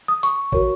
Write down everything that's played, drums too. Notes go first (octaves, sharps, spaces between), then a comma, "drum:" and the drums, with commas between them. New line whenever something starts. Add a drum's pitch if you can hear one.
D#6
C#6, drum: hi-hat
F#4 A#4 C#5, drum: kick A1